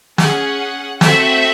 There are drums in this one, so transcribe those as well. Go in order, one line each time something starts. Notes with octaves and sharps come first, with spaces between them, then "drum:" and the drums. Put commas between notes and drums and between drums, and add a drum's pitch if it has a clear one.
C#4 G#4 F#5, drum: snare
A3 C4 F#4 A4 E5, drum: snare